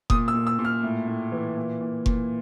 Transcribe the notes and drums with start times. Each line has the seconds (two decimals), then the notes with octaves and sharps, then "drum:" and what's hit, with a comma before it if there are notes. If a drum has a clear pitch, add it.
0.10 A#2 D#6, drum: kick F1
0.28 E6
0.34 A#2
0.47 E6
0.59 A#2
0.65 F6
0.83 A2
1.07 A2
1.32 E3
1.57 A#2
1.81 A#2
2.06 A#2, drum: kick F1